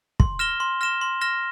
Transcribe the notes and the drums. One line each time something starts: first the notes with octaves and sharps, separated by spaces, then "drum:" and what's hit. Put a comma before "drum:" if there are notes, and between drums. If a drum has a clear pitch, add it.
C6, drum: kick
F6 A#6 E7 G7
C6
F6 A#6 E7 G7
C6
F6 A#6 E7 G7